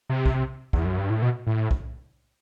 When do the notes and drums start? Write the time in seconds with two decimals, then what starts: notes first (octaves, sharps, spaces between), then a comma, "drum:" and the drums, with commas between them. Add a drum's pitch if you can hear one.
0.09 C3
0.26 drum: kick
0.73 E2, drum: kick
0.85 F#2
0.98 G2
1.10 A2
1.22 B2
1.47 A2
1.71 drum: kick